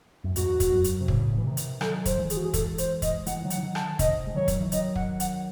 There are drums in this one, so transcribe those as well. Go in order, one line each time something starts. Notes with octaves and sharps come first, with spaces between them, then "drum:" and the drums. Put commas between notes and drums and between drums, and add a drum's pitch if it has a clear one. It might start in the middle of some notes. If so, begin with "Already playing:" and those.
F#2
E2 G#2 F#4, drum: hi-hat
drum: kick, hi-hat
F#2
drum: hi-hat
C3
A2 C#3, drum: kick
E3
C3 D#3
drum: hi-hat
D#3 F#3 A4, drum: rim click
C5, drum: kick, hi-hat
E3 G#3
G#4, drum: hi-hat
F#4
G#4
A4, drum: kick, hi-hat
C5, drum: hi-hat
D#5, drum: kick, hi-hat
E3 G#3 F#5, drum: hi-hat
D#3 F#3
F#5, drum: hi-hat
E3
D#3 F#3
A5, drum: rim click
C3 D#3 D#5, drum: kick, hi-hat
G#3
D#3 F#3 C#5
drum: kick, hi-hat
E3
D#3 F#3 D#5, drum: hi-hat
F#5, drum: kick
F#5, drum: hi-hat